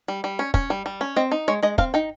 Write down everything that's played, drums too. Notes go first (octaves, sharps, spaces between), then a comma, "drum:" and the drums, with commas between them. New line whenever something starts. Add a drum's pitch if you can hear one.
G3
G3
C#4
C#4, drum: kick
G3
G3
C#4
C4 D#5
D#4
G#3 C#5
G#3 D#5
C4 F5, drum: kick
D#4 G5